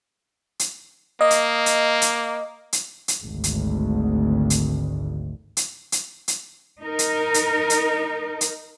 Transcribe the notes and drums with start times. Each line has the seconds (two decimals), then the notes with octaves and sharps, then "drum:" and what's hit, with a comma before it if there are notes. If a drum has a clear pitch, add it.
0.59 drum: hi-hat
1.21 A#3 D#5
1.30 drum: hi-hat
1.66 drum: hi-hat
2.02 drum: hi-hat
2.73 drum: hi-hat
3.08 drum: hi-hat
3.24 G#1 D2
3.44 drum: hi-hat
4.50 drum: hi-hat
5.57 drum: hi-hat
5.92 drum: hi-hat
6.28 drum: hi-hat
6.81 D#4 A#4
6.99 drum: hi-hat
7.34 drum: hi-hat
7.70 drum: hi-hat
8.41 drum: hi-hat